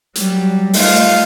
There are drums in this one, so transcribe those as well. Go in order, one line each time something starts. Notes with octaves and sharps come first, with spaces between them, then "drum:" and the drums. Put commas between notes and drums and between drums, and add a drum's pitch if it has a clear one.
F#3 G3, drum: hi-hat
A3 D#4 F4 F5, drum: open hi-hat